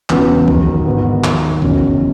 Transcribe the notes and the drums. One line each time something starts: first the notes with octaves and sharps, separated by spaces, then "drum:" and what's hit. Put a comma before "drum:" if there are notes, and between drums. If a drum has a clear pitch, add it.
E1 E2 C#3 E3 B3, drum: clap
E1 D#2 D#3, drum: kick
G#1 G#2 D#3 B3
D#2 D#3, drum: clap
F#1 E2 B2 C#4, drum: kick